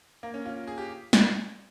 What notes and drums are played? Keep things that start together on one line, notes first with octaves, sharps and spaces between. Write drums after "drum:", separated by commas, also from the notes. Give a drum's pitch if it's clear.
A#3
C#4
F4
G#4
G4
drum: snare